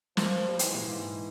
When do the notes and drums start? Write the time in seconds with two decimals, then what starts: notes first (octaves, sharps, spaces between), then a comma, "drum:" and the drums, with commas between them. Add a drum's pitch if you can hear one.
0.17 F3 A#3, drum: snare
0.48 G3
0.59 E3 G#3, drum: hi-hat
0.74 A#2
0.88 G#2